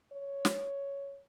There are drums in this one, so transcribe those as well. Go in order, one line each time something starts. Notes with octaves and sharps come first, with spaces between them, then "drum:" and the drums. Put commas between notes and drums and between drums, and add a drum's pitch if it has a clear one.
C#5
drum: snare